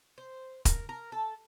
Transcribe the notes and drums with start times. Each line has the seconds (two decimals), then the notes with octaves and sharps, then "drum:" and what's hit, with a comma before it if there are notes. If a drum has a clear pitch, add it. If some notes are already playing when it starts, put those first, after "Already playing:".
0.18 C5
0.65 A#4, drum: kick, hi-hat
0.89 A#4
1.12 A4